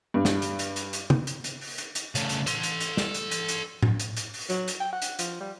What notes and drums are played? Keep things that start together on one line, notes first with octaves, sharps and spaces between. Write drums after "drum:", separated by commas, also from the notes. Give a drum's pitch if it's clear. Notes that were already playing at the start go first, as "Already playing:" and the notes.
G2
drum: snare
drum: hi-hat
drum: hi-hat
drum: hi-hat
drum: hi-hat
drum: tom C3
drum: hi-hat
drum: hi-hat
drum: open hi-hat
drum: hi-hat
drum: hi-hat
C#3 A3, drum: hi-hat
drum: hi-hat
A4 C6, drum: hi-hat
drum: hi-hat
drum: hi-hat
drum: snare
drum: hi-hat
drum: hi-hat
drum: hi-hat
drum: tom A2
drum: hi-hat
drum: hi-hat
drum: open hi-hat
F#3, drum: hi-hat
drum: hi-hat
G5
F#5
drum: hi-hat
F3, drum: hi-hat
G3